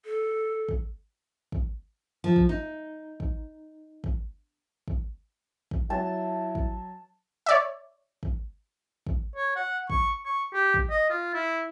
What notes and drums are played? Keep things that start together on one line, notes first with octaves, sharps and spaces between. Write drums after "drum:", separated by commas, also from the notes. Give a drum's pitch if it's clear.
A4
drum: kick
drum: kick
F3
drum: kick
D#4
drum: kick
drum: kick
drum: kick
drum: kick
F#3 E4 A5
drum: kick
C#5 D5 E5
drum: kick
drum: kick
C#5
F#5
C#6, drum: kick
C#6
G4
drum: kick
D#5
F4
E4